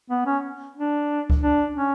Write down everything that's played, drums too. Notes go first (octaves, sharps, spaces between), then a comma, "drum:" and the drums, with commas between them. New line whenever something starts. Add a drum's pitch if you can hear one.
B3
C#4
D4
drum: kick C#2
D4
C#4